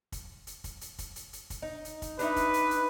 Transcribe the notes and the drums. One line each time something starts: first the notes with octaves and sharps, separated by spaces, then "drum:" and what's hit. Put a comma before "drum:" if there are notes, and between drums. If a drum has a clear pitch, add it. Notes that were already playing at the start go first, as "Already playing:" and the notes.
drum: kick, hi-hat
drum: hi-hat
drum: kick, hi-hat
drum: hi-hat
drum: kick, hi-hat
drum: hi-hat
drum: hi-hat
drum: kick, hi-hat
D#4
drum: hi-hat
drum: kick, hi-hat
D4 D#4 B4 E5, drum: hi-hat
drum: kick, hi-hat
drum: hi-hat
drum: hi-hat